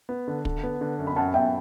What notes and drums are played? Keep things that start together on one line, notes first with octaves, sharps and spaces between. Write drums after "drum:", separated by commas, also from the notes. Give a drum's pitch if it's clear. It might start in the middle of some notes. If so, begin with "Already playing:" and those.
B3
D3
D3, drum: kick
B3
D3
F#2
B5
F#2 F#5 A5
F#2 E5 G5